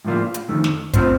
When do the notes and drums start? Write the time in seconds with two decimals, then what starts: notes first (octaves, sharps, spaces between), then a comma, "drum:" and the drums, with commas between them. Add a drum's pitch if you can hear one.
0.05 A2 F3 A#3 F4
0.34 drum: hi-hat
0.49 F2 D#3 A3
0.64 drum: snare
0.94 A2 A3 C4 F4 C5, drum: kick, hi-hat